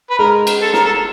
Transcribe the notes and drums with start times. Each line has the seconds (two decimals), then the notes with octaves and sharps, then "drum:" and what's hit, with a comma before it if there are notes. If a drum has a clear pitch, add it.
0.10 B4
0.18 G#3 A#4
0.47 drum: cymbal
0.62 A4
0.73 A#4, drum: snare
0.85 A4